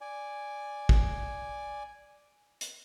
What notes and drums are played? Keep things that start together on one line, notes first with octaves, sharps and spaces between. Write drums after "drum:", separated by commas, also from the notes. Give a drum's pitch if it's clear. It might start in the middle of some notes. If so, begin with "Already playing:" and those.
D5 G#5
drum: kick
drum: hi-hat